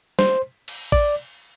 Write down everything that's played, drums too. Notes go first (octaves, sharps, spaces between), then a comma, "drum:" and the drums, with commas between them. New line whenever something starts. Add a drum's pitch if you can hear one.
C5, drum: snare
drum: cymbal
D5, drum: kick A1